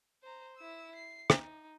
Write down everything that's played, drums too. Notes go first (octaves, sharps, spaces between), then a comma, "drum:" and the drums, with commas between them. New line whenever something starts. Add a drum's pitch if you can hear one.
C5 A#5
E4 E6
C7
D#4, drum: rim click